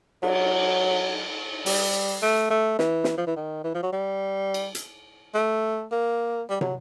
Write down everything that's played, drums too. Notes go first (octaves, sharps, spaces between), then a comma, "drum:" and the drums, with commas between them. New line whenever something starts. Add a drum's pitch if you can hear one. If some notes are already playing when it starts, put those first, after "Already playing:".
F#3, drum: cymbal
G3, drum: open hi-hat
A3
A3
E3, drum: snare
drum: snare
F3
E3
D#3
E3
F3
F#3
G3
drum: cymbal
drum: hi-hat
A3
A#3
G3
F#3, drum: tom